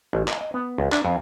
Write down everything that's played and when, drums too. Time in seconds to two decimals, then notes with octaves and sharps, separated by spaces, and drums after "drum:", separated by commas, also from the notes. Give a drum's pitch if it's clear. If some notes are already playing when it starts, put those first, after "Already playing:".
0.13 A1
0.28 D#5, drum: clap
0.41 D#5
0.54 B3
0.78 C#2
0.92 D4, drum: clap
1.05 F2